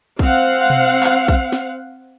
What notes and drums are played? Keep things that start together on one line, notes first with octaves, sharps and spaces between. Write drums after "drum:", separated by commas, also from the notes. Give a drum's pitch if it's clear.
C4 F5 F#5, drum: kick
drum: tom B2
drum: clap
drum: kick
drum: snare